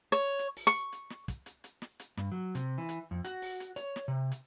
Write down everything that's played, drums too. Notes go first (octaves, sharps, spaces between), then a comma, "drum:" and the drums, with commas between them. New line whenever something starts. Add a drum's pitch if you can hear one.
C#5
drum: hi-hat
drum: open hi-hat
C#6
drum: hi-hat
drum: snare
drum: kick, hi-hat
drum: hi-hat
drum: hi-hat
drum: snare
drum: hi-hat
G2, drum: snare
F#3
C3, drum: hi-hat
E3
drum: hi-hat
F2
F#4, drum: hi-hat
drum: open hi-hat
drum: hi-hat
C#5, drum: hi-hat
drum: snare
C3
drum: hi-hat